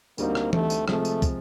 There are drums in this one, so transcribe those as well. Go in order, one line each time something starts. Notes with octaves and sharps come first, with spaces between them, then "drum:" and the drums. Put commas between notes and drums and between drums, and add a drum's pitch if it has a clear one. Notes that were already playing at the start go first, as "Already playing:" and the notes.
D2 D3 G3 A#3 C4 D#4, drum: tambourine
drum: rim click
A3, drum: tom E3
drum: tambourine
C3 F3 G#3 A3, drum: rim click
drum: tambourine
drum: kick, tambourine